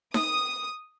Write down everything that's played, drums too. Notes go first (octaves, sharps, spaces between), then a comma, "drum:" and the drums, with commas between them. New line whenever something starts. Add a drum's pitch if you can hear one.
D#6, drum: snare D#4